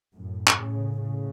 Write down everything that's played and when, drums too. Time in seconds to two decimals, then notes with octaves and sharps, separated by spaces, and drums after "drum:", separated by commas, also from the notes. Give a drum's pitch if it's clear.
0.15 F#2 A2
0.47 drum: clap
0.58 A2 C#3
0.99 A2 C#3